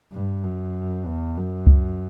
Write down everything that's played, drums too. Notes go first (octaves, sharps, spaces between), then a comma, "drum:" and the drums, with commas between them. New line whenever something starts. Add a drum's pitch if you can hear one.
G2
F#2
E2
F#2
drum: kick C#2